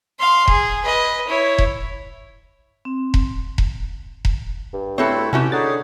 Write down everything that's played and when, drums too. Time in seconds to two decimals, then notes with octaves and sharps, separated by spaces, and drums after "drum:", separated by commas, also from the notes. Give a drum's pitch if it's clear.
0.19 F5 C6
0.48 G#4, drum: kick E1
0.85 B4 D#5
1.28 E4 C#5
1.58 drum: kick E1
2.85 C4
3.14 drum: kick E1
3.58 drum: kick E1
4.25 drum: kick E1
4.73 G2
4.98 A3 C4 E4 F#4 A4 C#5
5.33 C3 C#4 E4 F#4 G4 A5
5.52 D3 D#4 G#4 C#5 F#5 A6